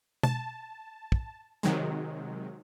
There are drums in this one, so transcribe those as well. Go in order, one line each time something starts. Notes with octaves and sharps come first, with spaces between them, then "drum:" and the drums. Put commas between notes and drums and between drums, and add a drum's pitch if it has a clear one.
A5, drum: tom B2
drum: kick
C3 D#3 F#3 G#3, drum: hi-hat